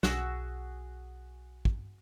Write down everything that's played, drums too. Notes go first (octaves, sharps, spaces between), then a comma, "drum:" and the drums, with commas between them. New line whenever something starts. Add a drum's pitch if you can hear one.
B1 F#4 G#4 E6, drum: snare
drum: kick